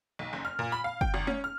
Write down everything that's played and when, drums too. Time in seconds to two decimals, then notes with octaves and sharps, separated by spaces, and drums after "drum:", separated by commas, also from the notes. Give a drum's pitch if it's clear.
0.19 B1
0.33 F#1
0.45 F6
0.59 A#2
0.72 B5
0.84 F5
1.01 G5, drum: kick
1.14 G#1, drum: rim click
1.27 C#4, drum: tom G#3
1.44 F6